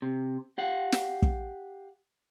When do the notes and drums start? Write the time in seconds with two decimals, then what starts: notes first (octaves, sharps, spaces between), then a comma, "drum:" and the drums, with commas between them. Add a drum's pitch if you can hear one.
0.02 C3
0.58 G4 F5 F#5
0.92 drum: snare
1.22 drum: kick